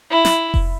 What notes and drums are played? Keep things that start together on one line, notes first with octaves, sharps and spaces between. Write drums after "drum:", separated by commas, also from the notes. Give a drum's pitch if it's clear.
E4
drum: snare
drum: kick F1